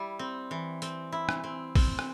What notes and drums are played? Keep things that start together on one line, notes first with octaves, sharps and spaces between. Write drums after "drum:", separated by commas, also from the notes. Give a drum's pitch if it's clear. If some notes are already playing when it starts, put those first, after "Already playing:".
Already playing: G3 E4
C4
E3
C4, drum: hi-hat
E4
drum: rim click
C4
C4, drum: kick, open hi-hat
drum: rim click